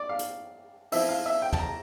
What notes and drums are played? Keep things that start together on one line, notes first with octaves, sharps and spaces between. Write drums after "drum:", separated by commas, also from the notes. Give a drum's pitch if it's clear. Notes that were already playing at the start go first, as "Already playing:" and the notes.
Already playing: D5
F5
drum: hi-hat
F3 C4 E4 E5, drum: open hi-hat
F5
E5
G5
A5, drum: tom
A#5